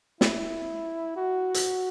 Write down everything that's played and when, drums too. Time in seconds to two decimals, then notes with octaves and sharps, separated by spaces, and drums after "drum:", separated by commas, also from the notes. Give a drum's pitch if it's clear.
0.21 E4, drum: snare
1.17 F#4
1.54 drum: hi-hat